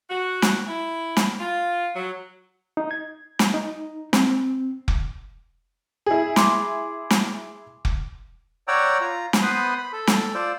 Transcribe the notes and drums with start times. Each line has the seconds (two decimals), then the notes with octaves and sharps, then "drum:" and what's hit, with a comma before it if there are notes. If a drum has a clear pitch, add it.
0.09 F#4
0.42 drum: snare
0.67 E4
1.17 drum: snare
1.40 F4
1.95 F#3
2.77 D#4
2.91 G#6
3.39 drum: snare
3.54 D#4
4.13 C4, drum: snare
4.88 drum: kick F1
6.06 E4 G#4
6.36 B5 C6 D6, drum: snare
7.10 drum: snare
7.85 drum: kick F1
8.68 C#5 D5 F#5 G5 A#5 E6
9.01 F4 A#5
9.33 drum: snare
9.42 B3 B4 C5 B5 C6 D#6
9.78 B5
9.93 A4
10.07 drum: snare
10.35 F4 C5 D5 E6